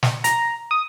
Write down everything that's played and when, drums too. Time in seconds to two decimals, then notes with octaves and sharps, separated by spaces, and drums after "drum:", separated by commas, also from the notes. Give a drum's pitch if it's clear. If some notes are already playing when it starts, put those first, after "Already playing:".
0.03 drum: snare
0.24 A#5, drum: hi-hat
0.71 D#6